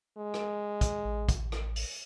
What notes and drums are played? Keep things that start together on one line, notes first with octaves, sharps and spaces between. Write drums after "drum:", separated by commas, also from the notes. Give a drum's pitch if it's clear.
G#3
drum: rim click
drum: kick, hi-hat
A1
drum: kick, hi-hat
drum: rim click
drum: open hi-hat